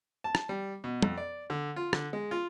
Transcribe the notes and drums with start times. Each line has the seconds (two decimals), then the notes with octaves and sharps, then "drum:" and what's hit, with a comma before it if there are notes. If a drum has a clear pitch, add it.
0.24 A5
0.35 drum: rim click
0.49 G3
0.84 B2
1.03 F2, drum: tom
1.18 D5
1.50 D3
1.76 F4
1.93 D3, drum: rim click
2.13 G#3
2.31 F4